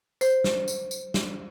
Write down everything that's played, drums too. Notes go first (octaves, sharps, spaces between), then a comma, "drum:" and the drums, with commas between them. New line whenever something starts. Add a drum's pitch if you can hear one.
C5, drum: tambourine
drum: snare
drum: tambourine
drum: tambourine
drum: snare